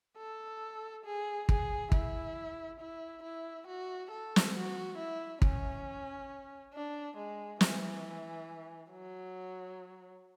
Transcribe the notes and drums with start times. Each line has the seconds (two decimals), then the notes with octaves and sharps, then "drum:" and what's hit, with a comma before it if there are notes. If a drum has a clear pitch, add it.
0.17 A4
1.05 G#4
1.49 G#4, drum: kick
1.92 E4, drum: kick
2.80 E4
3.23 E4
3.67 F#4
4.11 A4
4.36 drum: snare
4.54 F#4
4.98 E4
5.42 C#4, drum: kick
6.73 D4
7.17 G#3
7.61 E3, drum: snare
8.91 F#3